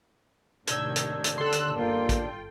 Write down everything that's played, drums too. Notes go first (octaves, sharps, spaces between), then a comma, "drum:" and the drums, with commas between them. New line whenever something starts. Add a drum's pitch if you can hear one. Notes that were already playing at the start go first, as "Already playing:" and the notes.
D#2 A2 C3 D#3 D4 E6 G6 G#6, drum: hi-hat
drum: hi-hat
drum: hi-hat
D3 A4 C6 E6 F#6
drum: hi-hat
G1 A#3 F4 G5
drum: kick A1, hi-hat